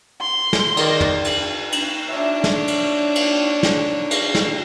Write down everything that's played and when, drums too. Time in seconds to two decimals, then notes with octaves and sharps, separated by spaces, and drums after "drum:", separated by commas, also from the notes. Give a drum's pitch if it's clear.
0.21 C6
0.53 drum: snare
0.77 D#3 D5 A#6, drum: cymbal
1.01 drum: tom
1.24 drum: cymbal
1.72 drum: cymbal
2.09 D4 E4 C#5 E5
2.44 drum: snare
2.68 drum: cymbal
3.15 drum: cymbal
3.63 drum: snare
4.11 drum: cymbal
4.35 drum: snare